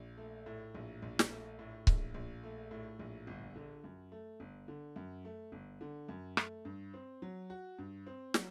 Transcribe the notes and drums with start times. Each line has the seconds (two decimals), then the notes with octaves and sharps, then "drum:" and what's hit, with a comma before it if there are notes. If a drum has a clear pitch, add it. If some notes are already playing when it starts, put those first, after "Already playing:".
Already playing: A#1
0.18 A3
0.46 A2
0.75 A#1
1.02 A#1
1.19 drum: snare
1.30 A3
1.59 A2
1.87 A#1, drum: kick C#1
2.14 A#1
2.44 A3
2.71 A2
2.99 A#1
3.27 G1
3.56 D3
3.84 F#2
4.12 A3
4.40 G1
4.68 D3
4.96 F#2
5.25 A3
5.52 G1
5.81 D3
6.09 F#2
6.37 A3, drum: rim click
6.65 G2
6.94 C4
7.22 F#3
7.50 F#4
7.78 G2
8.07 C4
8.34 F#3, drum: snare